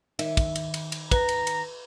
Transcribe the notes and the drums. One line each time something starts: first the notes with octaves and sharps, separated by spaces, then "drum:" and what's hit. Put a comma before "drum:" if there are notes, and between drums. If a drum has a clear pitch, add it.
D#3 E5, drum: cymbal
drum: kick, cymbal
drum: cymbal
drum: cymbal
drum: cymbal
B4 A#5, drum: kick, cymbal
drum: cymbal
drum: cymbal